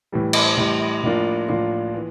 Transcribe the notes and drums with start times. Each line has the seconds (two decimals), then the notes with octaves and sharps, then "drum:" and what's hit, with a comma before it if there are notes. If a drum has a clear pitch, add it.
0.12 A2 E3 G3
0.33 drum: cymbal
0.57 A2 E3 G3
1.04 A2 F3 A#3 D4 F4
1.49 A2 F3 A#3 D4 F4
1.94 E3